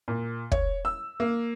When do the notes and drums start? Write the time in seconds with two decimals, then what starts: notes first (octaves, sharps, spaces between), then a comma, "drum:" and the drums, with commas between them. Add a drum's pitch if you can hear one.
0.08 A#2
0.52 C#5, drum: kick
0.85 E6
1.20 A#3